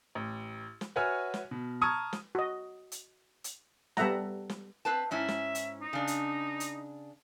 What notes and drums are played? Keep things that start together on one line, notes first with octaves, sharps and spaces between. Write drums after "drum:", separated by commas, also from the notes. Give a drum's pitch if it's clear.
A1
drum: snare
F#4 B4 C#5 E5 G#5 F6
drum: snare
B2
A5 A#5 C#6 D#6 F6 G#6
drum: snare
F#4 D#5
drum: hi-hat
drum: hi-hat
G3 B3 A4 E5 F#5 A#5, drum: snare
drum: snare
C4 B4 A5
G#2 C#4 E4 E5
drum: snare
drum: hi-hat
D#4
C#3 D4
drum: hi-hat
drum: hi-hat